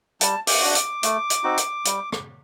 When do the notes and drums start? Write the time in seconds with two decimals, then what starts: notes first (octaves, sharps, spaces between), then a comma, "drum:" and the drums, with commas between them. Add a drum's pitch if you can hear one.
0.21 G3 A5, drum: hi-hat
0.47 D6, drum: open hi-hat
0.61 D4 F#4
0.75 D6, drum: hi-hat
1.03 A3, drum: hi-hat
1.30 drum: hi-hat
1.43 C4 D#4 F#4
1.58 drum: hi-hat
1.85 G3, drum: hi-hat
2.12 drum: rim click